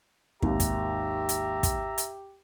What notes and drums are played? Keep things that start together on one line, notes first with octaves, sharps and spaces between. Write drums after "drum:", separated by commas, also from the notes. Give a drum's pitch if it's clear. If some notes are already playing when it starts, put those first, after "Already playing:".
G#1 D#2 G4 E5 A#5, drum: kick
drum: kick, hi-hat
drum: hi-hat
drum: kick, hi-hat
drum: hi-hat